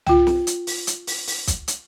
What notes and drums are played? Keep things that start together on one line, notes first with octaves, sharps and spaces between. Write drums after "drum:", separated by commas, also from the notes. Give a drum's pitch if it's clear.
F4 G5, drum: tom
drum: snare
drum: hi-hat
drum: open hi-hat
drum: hi-hat
drum: open hi-hat
drum: open hi-hat
drum: kick, hi-hat
drum: hi-hat